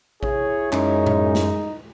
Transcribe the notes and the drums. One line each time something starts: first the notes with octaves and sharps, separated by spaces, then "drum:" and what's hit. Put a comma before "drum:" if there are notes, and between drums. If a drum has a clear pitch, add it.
E4 G#4 C#5, drum: kick A1
F#2 G#3 D#4, drum: clap
drum: tom A2
drum: snare